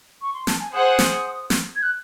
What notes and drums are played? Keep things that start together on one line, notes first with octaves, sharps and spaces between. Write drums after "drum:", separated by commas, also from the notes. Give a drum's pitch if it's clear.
C#6
C6
A5, drum: snare
G#5
G#4 C5 F#5 D#6
drum: snare
drum: snare
G#6
F#6